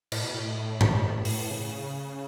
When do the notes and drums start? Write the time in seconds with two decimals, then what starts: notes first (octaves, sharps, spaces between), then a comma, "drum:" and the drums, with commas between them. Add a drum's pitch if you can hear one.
0.12 A2, drum: cymbal
0.23 B2
0.34 A2
0.81 drum: tom G2
1.25 drum: open hi-hat
1.51 C#3